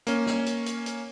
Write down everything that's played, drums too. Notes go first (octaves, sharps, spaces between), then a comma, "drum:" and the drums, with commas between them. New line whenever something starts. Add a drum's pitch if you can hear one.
A#3 C#4, drum: hi-hat
drum: snare
drum: hi-hat
drum: hi-hat
drum: hi-hat